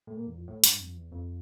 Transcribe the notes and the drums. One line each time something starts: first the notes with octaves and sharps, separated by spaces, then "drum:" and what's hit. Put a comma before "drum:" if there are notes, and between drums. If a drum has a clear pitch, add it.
A2
A#2
E2
F2
A2
G2, drum: hi-hat
F2
E2
F2